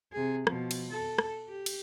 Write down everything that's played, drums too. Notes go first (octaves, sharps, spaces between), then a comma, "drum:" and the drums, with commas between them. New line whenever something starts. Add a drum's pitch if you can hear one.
C3 G#4
B2 F3, drum: rim click
drum: cymbal
A4
drum: rim click
G4
drum: cymbal